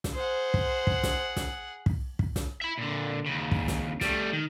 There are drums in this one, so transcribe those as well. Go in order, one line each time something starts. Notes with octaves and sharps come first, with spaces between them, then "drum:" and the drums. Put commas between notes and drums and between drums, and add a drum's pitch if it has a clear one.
drum: snare
G#4 C5 F#5
drum: kick
drum: kick
drum: snare
drum: snare
drum: kick
drum: kick
drum: snare
E5 B5
A#2 D3
D#2 C#3
drum: kick
drum: snare
G3 A3, drum: snare
D#3